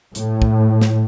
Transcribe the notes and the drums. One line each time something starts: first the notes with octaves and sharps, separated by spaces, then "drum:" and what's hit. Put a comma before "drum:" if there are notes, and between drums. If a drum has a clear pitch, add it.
A2, drum: hi-hat
drum: kick
drum: snare